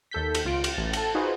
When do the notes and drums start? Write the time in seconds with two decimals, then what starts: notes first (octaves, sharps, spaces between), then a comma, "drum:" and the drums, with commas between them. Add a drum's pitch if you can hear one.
0.11 D#2 A4 G6 B6
0.35 drum: cymbal
0.45 C#2 F4 D7
0.64 drum: cymbal
0.74 A1 A6
0.93 A4 A5, drum: cymbal
1.15 D#4 F4 F#4 G#4 B4 C5